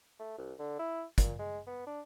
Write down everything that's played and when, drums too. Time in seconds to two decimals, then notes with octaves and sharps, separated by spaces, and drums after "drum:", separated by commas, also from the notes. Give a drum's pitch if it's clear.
0.19 A3
0.38 C2
0.59 D3
0.79 E4
1.18 A#2, drum: kick, hi-hat
1.39 G#3
1.67 B3
1.86 D4